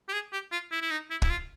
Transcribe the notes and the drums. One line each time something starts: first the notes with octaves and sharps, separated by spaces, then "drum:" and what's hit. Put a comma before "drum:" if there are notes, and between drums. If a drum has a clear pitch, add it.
G4
G#4
G4
F4
E4
E4
D#4
E4
E4, drum: kick
F4